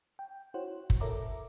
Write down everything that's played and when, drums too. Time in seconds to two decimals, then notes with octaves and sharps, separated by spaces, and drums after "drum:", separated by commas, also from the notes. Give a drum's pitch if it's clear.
0.19 G5
0.54 E4 F#4 C5 C#5 F#5
0.90 drum: kick
1.01 A4 A#4 C#5 E5 A#5 D6